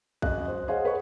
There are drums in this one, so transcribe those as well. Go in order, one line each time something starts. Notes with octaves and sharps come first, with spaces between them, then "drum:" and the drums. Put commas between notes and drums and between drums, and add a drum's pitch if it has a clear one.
F#2 D#5 F#6, drum: kick
C5
G#4 C5 C#5 D#5 F5 F#5
B4 C#5 F#5 C#6